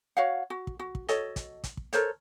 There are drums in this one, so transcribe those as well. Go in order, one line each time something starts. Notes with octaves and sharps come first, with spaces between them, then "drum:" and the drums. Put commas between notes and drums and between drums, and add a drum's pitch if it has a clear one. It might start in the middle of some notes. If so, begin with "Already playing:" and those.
F#4 C#5 F5 F#5
F#4
drum: kick
F#4
drum: kick
F#4 A4 C#5 D#5, drum: hi-hat
drum: kick, hi-hat
drum: kick, hi-hat
drum: kick
A4 A#4 C5 C#5, drum: hi-hat